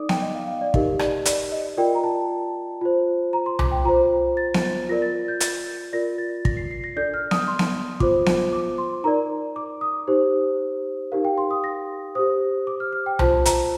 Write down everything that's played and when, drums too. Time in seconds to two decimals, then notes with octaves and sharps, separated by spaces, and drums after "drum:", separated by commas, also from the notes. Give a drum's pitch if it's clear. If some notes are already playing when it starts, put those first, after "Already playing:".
Already playing: D#4 A4 D5 D6 D#6
0.09 G5, drum: snare B3
0.22 D#5
0.35 F5
0.48 F5
0.61 D5
0.74 D#4 G4 A#4 D#5, drum: kick
0.99 D5, drum: rim click
1.25 D5, drum: hi-hat
1.52 D#5
1.78 F4 A#4 D5 G5
1.95 A#5
2.04 A5
2.81 F4 C5
3.33 A#5
3.46 C6
3.59 D6, drum: tom C2
3.72 G5
3.85 F4 C5 A#5
4.37 A6
4.54 drum: snare B3
4.89 F4 A#4 D5 A#6
5.02 A6
5.28 G6
5.40 A6, drum: hi-hat
5.93 F4 A#4 D5 A#6
6.18 A6
6.45 A#6, drum: kick
6.57 C7
6.71 C7
6.84 A#6
6.96 D4 A4 D5 G6
7.14 F6
7.31 D#6, drum: snare B3
7.48 C6
7.59 drum: snare B3
8.00 F4 C5 D6, drum: kick
8.26 drum: snare B3
8.53 D6
8.78 C6
9.04 D#4 A#4 D5 A#5
9.56 D6
9.81 D#6
10.07 D#4 G4 C5
11.12 D#4 G4 A#4 F5
11.25 G5
11.38 C6
11.51 D#6
11.64 A#6
12.15 G4 C5 D#6
12.67 D6
12.80 F6
12.93 F6
13.06 G5
13.19 F4 C5 A5, drum: tom C2
13.45 A#5, drum: hi-hat